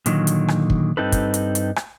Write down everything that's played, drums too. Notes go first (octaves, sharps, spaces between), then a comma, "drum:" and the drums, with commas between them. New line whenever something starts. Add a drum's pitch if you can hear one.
A#2 D3 D#3 F#3, drum: hi-hat
drum: hi-hat
drum: rim click
drum: kick
G2 B2 C4 D#4 A4 B4
drum: kick, hi-hat
drum: hi-hat
drum: hi-hat
drum: rim click